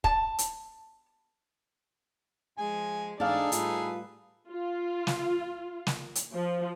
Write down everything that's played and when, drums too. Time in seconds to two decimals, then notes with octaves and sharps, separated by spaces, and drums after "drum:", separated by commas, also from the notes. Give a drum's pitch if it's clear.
0.04 A5, drum: kick
0.39 drum: hi-hat
2.58 F3 G#3 G#4 G#5
3.20 G#2 E3 D4 D#4 G#4 A4 D5 F5
3.52 A2 G3 F4 B4, drum: hi-hat
4.50 F4
5.07 drum: snare
5.87 drum: snare
6.15 drum: hi-hat
6.32 F3